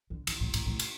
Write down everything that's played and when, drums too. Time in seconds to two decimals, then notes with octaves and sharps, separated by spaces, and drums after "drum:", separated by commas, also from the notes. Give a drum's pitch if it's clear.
0.10 D3
0.27 D#3, drum: cymbal
0.40 A2
0.54 A2, drum: cymbal
0.66 A2
0.79 drum: cymbal